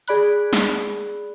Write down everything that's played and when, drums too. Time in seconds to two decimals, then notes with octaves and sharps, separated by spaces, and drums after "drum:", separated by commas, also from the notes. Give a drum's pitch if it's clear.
0.08 G#4 D5 B5 F#6, drum: hi-hat
0.53 drum: snare